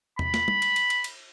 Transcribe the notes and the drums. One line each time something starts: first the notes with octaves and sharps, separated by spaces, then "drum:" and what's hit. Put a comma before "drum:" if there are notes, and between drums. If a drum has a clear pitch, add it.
B5, drum: tom E2
drum: snare
drum: tom G3
drum: cymbal
drum: cymbal
drum: cymbal
drum: cymbal